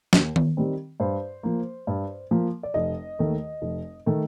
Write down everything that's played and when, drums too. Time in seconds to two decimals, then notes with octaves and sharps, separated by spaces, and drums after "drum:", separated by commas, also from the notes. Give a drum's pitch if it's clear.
0.13 D#2, drum: snare
0.36 drum: tom D#3
0.57 D#3 G3 C4
1.00 G2 C5
1.43 F3 A#3
1.87 G2
2.31 F3 A#3
2.63 D5
2.74 F1 D#5
3.19 D#2 D#3 A3
3.62 F1
4.06 D#3 A3